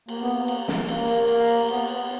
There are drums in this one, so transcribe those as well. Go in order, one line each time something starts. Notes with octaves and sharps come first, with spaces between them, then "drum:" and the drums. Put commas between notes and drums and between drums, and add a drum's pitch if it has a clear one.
A#3, drum: cymbal
B3
A#3
drum: cymbal
drum: snare
A#3, drum: cymbal
drum: cymbal
drum: cymbal
drum: cymbal
A#3
B3, drum: cymbal
drum: cymbal